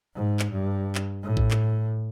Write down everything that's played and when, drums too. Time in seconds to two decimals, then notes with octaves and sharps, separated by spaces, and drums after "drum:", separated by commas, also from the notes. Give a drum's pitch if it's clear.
0.15 G#2
0.39 drum: clap
0.52 G2
0.95 drum: clap
1.23 A2
1.37 drum: kick
1.51 drum: clap